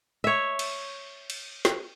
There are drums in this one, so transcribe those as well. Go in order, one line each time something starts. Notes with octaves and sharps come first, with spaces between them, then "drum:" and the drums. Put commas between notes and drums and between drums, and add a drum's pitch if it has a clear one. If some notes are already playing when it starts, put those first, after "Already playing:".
C#5 E5
drum: cymbal
drum: cymbal
drum: snare